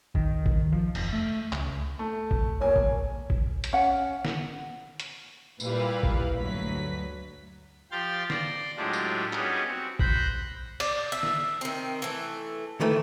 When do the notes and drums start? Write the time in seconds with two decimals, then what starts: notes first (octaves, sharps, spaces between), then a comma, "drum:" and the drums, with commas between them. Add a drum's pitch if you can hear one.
0.15 D#3, drum: kick
0.46 drum: kick
0.72 F3
0.95 F1, drum: cymbal
1.13 A3
1.53 C#2, drum: clap
1.99 A3
2.31 drum: kick
2.61 E1 A#3 C#5 G#5
2.76 drum: kick
3.30 drum: kick
3.64 drum: hi-hat
3.73 C#4 F#5
4.25 drum: snare
5.00 drum: hi-hat
5.60 A#2 G3 E4 B4 F5, drum: tambourine
6.03 drum: kick
6.37 D2 G2 F#3 B4 B6
7.91 F3 G4 F5 G5 C6 A6
8.30 D5 C6 A#6, drum: snare
8.77 A2 F#3 G#3 D4 F4 G4
8.93 drum: tambourine
9.33 G3 B3 C#4 D#4 F#4 G#4, drum: clap
9.68 C4 F#4
9.99 C5 B5 F#6 G6 A#6, drum: kick
10.80 D5, drum: cymbal
11.12 E5
11.23 drum: snare
11.61 D#3 C4
12.02 E3 A3
12.80 D#3 E3 A3